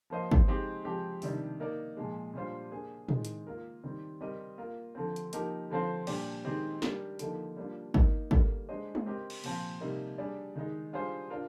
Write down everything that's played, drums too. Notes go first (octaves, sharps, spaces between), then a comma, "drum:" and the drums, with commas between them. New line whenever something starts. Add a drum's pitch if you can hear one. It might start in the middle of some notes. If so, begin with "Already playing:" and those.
F3 A#3 F4 C5 D#5
drum: kick
G#3 C4 D#4 G4
F3 G#3 C4 G4
C3 D#3 G3 D4, drum: open hi-hat
A#3 D#4 A#4 D5
A#2 F3 G#3
A#2 G3 D4 F4 C5
A#3 D4 G#4
D#3 G#3 C4, drum: tom A2
drum: hi-hat
A#3 F4 A#4
D#3 G3 C4
G3 C4 G4 A#4 D#5
A#3 F4 A#4
D3 F3 C4
drum: hi-hat
F3 A#3 D#4 G4 A#4, drum: hi-hat
D3 F3 C4 F4 C5
A#2 G3 D4 G4, drum: cymbal
D#3 G#3 C4 D#4 G4
G3 D4 G4 A#4, drum: snare
D3 F3 A#3 D#4, drum: hi-hat
G3 A#3 D4 F4
A#3 D#4 A#4, drum: kick
D3 G3 A#3, drum: kick
G#3 D4 G#4 C5 D#5
drum: tom G#3
C4 G4 A#4 D#5
drum: cymbal
A#2 F3 C4 F4, drum: cymbal
C3 G3 A#3 D#4
G3 D4 G#4 D5
D#3 G#3 D#4
G3 D4 F4 G#4 C5
D4 F4 A#4